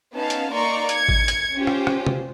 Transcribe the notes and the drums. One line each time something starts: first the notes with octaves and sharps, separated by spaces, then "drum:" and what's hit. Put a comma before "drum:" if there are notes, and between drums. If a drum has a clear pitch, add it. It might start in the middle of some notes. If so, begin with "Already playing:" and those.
B3 C#4 D#4 F5 A5
drum: hi-hat
A#3 D#4 D5 A#5 C6 C#6
G#6 C#7, drum: hi-hat
drum: kick A1
drum: hi-hat
C#4 F4 G4 C5
drum: rim click
drum: rim click
drum: tom